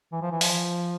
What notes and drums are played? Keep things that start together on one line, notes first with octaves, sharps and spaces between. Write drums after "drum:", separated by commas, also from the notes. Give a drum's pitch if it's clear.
E3
F3
E3
F3, drum: open hi-hat